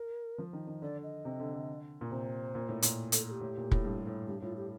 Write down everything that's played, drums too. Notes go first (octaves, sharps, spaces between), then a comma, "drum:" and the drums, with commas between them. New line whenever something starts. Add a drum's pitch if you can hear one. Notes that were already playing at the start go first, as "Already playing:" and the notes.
Already playing: A#4
F3
D#3
D#3
D3 D5
D#5
C3
D3
D3
A#2
C3 C5
A#2
A2
A#2, drum: hi-hat
A4, drum: hi-hat
A4
G4
A2
A#2
A2, drum: kick
G2
A2
G2 G4
A2 F4
G4